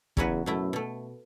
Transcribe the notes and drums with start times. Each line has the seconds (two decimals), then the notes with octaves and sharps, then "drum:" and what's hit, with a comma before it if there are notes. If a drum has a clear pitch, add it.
0.17 E2 C#3 F#3 C#4 F#4 B4, drum: kick
0.46 F#2 B2 A3 E4
0.73 B2 A3